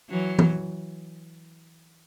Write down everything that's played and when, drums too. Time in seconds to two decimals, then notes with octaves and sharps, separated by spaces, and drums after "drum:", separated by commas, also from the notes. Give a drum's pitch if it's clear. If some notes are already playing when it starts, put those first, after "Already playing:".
0.10 E3 F#3
0.39 drum: tom